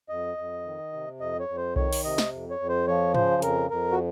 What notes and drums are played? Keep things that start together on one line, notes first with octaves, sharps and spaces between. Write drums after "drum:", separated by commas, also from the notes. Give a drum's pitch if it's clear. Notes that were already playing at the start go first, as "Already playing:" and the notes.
F2 D#5
F2
D#3
C3
F2 D#5
C#5
F2
C5
D#3 C#5, drum: kick B1
drum: open hi-hat
C3 D#5
drum: snare
F2
C#5
F2
C5
F3 C#5
C#3 C5, drum: tom
F2 A#4, drum: hi-hat
F2 A#4
F#4